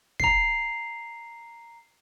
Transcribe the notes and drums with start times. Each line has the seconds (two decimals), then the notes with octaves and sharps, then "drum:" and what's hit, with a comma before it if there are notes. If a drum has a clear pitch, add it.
0.20 A#5 C7, drum: kick